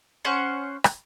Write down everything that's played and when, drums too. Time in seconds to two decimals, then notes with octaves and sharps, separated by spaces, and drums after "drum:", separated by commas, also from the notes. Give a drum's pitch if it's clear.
0.25 C#4 C5 F#5 C#6
0.84 drum: rim click